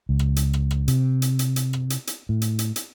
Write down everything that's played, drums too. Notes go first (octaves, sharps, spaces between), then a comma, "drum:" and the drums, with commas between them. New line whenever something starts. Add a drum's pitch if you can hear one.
C#2
drum: rim click
drum: hi-hat
drum: rim click
drum: rim click
C3, drum: hi-hat
drum: hi-hat
drum: hi-hat
drum: hi-hat
drum: rim click
drum: hi-hat
drum: hi-hat
A2
drum: hi-hat
drum: hi-hat
drum: hi-hat